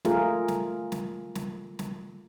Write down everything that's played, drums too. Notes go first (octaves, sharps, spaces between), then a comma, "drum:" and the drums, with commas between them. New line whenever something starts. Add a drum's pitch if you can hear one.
A3 F4 G#4 A#4, drum: snare
drum: snare
drum: snare
drum: snare
drum: snare